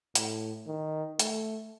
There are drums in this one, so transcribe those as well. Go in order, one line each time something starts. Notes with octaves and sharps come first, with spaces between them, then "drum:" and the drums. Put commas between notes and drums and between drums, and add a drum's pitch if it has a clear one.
A2, drum: hi-hat
D#3
A3, drum: hi-hat